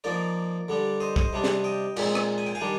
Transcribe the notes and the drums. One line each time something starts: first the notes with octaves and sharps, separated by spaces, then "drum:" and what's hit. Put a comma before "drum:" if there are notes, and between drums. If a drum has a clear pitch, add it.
F3 A#3 D#4 A#4 D5
D3 G3 D4
C5 D#5
C5 D#5, drum: kick
C3 G3 D4
drum: snare
D#5 G5
A#2 G#3 C4 D#4, drum: cymbal
drum: rim click
G#5
G5
F5 G#5
D#3 G3 D4